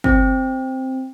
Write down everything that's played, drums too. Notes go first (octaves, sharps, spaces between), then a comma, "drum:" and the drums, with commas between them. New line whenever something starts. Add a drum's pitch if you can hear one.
C4, drum: kick G1